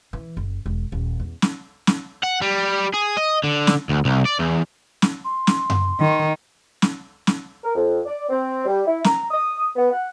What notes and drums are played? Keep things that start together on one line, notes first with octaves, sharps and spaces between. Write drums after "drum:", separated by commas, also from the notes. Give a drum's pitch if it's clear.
E3
F#1
E1
D#1
E2
drum: snare
drum: snare
F#5
G3
G#4
D#5
D3
drum: snare
D2
C2
D5
E2
drum: snare
C6
drum: snare
drum: tom F#2
D#3
drum: snare
drum: snare
A#4
F2
D5
C4
G3
E4
A#5, drum: snare
D#6
B3
F#5